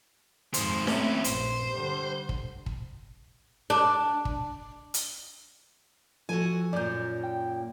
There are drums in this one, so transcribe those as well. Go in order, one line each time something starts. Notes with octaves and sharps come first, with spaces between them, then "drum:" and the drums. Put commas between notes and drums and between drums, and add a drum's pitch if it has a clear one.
F2 G#2 D#3 C5, drum: hi-hat
A3 C4 C#4 E4, drum: snare D4
A#1 G2 C5, drum: hi-hat
D3 G3
drum: kick
drum: kick
D4
drum: kick
drum: hi-hat
F3 F#4 A4 G#5
F#2 A#2 D5 G6
G5